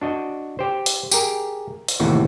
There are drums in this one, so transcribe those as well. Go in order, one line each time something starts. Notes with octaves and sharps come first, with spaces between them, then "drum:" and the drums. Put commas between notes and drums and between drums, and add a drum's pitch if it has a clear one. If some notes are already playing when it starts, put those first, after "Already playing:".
D4 F#4 D#5
G4 C5
drum: hi-hat
G4 G#4 A#4, drum: tambourine
drum: hi-hat
D#2 A2 C3 E3 F#4